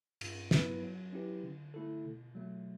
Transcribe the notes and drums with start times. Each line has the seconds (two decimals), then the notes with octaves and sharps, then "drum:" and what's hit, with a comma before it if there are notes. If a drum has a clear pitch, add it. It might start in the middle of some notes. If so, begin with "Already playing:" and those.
0.21 G2, drum: cymbal
0.51 F#3 B3 E4 B4, drum: snare
0.82 F#3
1.13 C#4 E4 G4 B4
1.43 D3
1.74 A3 E4 A4
2.05 B2
2.35 F#3 A3